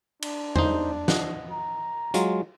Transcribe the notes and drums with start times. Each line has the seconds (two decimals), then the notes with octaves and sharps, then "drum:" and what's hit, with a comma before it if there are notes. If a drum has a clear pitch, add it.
0.22 D4, drum: cymbal
0.56 D#4 C5, drum: tom E2
1.08 D#5 F#5, drum: snare
1.51 A#5
2.14 F#3 G#3 F4, drum: hi-hat